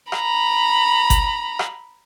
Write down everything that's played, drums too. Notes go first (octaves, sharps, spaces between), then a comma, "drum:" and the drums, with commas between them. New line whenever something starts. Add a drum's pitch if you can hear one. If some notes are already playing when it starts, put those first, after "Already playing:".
A#5 B5, drum: rim click
drum: kick G1, hi-hat
drum: rim click